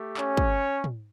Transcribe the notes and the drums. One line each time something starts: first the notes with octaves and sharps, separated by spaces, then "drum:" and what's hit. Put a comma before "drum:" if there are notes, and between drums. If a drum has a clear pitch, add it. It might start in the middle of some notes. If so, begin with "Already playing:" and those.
Already playing: A3 G4
C#4 C#5, drum: clap
drum: kick
drum: tom